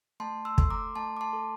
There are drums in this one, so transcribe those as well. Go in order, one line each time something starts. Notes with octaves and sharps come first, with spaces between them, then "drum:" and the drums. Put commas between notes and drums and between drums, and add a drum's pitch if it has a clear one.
A3 A5 C6
C6 E6
A4 C6, drum: kick
A#5 D6
A3 A5 C6
D6
A5 C6
A4